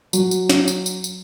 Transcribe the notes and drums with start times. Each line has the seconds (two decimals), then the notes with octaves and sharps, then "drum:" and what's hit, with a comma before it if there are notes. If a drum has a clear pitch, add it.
0.13 F#3, drum: tambourine
0.31 drum: tambourine
0.49 drum: snare
0.68 drum: tambourine
0.86 drum: tambourine
1.04 drum: tambourine